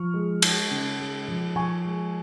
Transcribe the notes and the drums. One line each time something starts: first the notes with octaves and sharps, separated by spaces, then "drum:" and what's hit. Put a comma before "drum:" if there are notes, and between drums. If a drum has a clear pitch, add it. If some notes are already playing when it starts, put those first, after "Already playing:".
Already playing: F3 C#6 F6
G#3
G#3, drum: cymbal
C#3
G#3
F3
F3 G#5 C#6
G#3